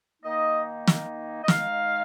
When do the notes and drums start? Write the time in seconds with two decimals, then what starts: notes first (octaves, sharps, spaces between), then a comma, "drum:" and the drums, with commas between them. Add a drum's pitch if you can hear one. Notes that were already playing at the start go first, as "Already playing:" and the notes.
0.22 D#3 A#3 D#4 D#5
0.87 drum: snare
1.44 D#5
1.48 D#3 G#3 D#4 F5, drum: snare